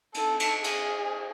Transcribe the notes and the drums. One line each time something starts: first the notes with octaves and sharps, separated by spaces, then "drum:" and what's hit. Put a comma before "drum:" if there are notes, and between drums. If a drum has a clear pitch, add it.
A4, drum: cymbal
drum: cymbal
G#4, drum: cymbal